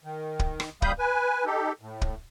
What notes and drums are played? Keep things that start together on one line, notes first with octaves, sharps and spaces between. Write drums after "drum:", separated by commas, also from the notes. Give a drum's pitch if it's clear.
D#3
drum: kick
drum: rim click
D#2 G3 F5 B5 D#6 G6, drum: kick
B4 G#5
D#4 G4 A4
A2
drum: kick